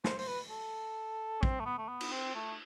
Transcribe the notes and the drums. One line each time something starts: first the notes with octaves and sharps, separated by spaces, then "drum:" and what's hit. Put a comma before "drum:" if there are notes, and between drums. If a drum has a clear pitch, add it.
C5, drum: snare
C5, drum: open hi-hat
B4
A4
C4, drum: kick
A3
B3
A3
B3
drum: cymbal
C4
A3